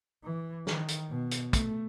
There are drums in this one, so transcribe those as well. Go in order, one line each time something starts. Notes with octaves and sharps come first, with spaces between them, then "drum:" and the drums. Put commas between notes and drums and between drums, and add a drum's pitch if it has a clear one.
E3
D#3, drum: snare
drum: hi-hat
B2
drum: hi-hat
A3, drum: kick, hi-hat